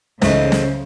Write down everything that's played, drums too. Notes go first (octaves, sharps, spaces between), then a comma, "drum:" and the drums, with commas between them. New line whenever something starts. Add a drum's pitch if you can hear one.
C#2 G#2 C#3 E3 A3 D#4 C5 D#5, drum: snare
drum: snare